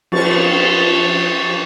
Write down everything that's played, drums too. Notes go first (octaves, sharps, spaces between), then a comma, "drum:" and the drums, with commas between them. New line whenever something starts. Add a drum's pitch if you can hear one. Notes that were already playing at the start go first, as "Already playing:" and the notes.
F3 C#6 A6, drum: cymbal